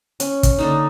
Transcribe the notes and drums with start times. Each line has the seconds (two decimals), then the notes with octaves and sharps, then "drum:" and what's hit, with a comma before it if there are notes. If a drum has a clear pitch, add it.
0.20 C#4, drum: hi-hat
0.43 drum: kick, hi-hat
0.58 D3 A#3 D#4